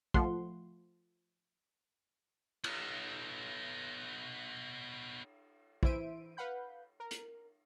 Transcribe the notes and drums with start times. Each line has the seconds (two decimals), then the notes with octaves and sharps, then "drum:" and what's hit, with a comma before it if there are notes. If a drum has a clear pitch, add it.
0.14 F3 A3 F#5 C6, drum: kick
2.64 B3 D#4, drum: cymbal
5.83 E3 E4 C5 E5 D7 D#7, drum: kick
6.37 B4 F5 F#5 B5 G6
7.00 A#4
7.11 drum: hi-hat